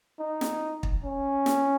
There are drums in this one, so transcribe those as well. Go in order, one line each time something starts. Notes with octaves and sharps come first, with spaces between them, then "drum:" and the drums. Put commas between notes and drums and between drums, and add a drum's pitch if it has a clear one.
D#4
drum: snare
drum: kick
C#4
drum: snare